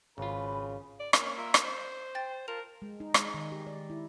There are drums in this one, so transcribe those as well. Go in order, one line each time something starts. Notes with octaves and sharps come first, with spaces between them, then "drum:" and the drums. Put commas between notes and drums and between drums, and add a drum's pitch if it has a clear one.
G#1 C#3 F4 B4
D5
A#3 C#4 C#6 F6, drum: rim click
F4 A#4 E5
drum: rim click
C5 C6
G5 A6
F4 A#4 A5 C6 F7
G#3
D#4
G#3, drum: rim click
D#3
G4
D5
E4